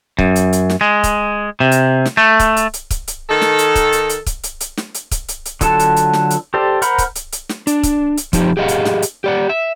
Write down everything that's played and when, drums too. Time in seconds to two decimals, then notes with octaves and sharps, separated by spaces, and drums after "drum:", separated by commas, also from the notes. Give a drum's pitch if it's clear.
0.19 F#2, drum: kick C#1
0.36 drum: hi-hat
0.53 drum: hi-hat
0.70 drum: snare
0.81 G#3
1.04 drum: kick C#1, hi-hat
1.60 C3
1.72 drum: hi-hat
2.06 drum: snare
2.17 A3
2.40 drum: kick C#1, hi-hat
2.57 drum: hi-hat
2.73 drum: hi-hat
2.90 drum: kick C#1, hi-hat
3.07 drum: hi-hat
3.30 D#3 A4
3.41 drum: snare
3.58 drum: hi-hat
3.75 drum: kick C#1, hi-hat
3.92 drum: hi-hat
4.09 drum: hi-hat
4.26 drum: kick C#1, hi-hat
4.43 drum: hi-hat
4.60 drum: hi-hat
4.77 drum: snare
4.94 drum: hi-hat
5.11 drum: kick C#1, hi-hat
5.28 drum: hi-hat
5.45 drum: hi-hat
5.61 D3 F#3 F4 A4 A5, drum: kick C#1, hi-hat
5.79 drum: hi-hat
5.96 drum: hi-hat
6.13 drum: snare
6.30 drum: hi-hat
6.54 G4 A4 C5 D5
6.82 A#4 C5 F#5 A#5 B5, drum: hi-hat
6.98 drum: kick C#1, hi-hat
7.15 drum: hi-hat
7.32 drum: hi-hat
7.49 drum: snare
7.67 D4, drum: hi-hat
7.83 drum: kick C#1, hi-hat
8.17 drum: hi-hat
8.33 F3 D#4 G4, drum: kick C#1, hi-hat
8.57 G4 G#4 D#5 F5 F#5
8.68 drum: hi-hat
8.85 drum: snare
9.02 drum: hi-hat
9.24 G4 D5 F#5
9.49 E5